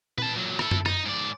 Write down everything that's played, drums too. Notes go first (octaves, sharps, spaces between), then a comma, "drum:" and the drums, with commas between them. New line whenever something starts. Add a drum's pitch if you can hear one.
B4 A5, drum: tom A#2
A#2 F#3
E4 A4, drum: rim click
drum: tom F#2
D#4, drum: rim click
G#2 D5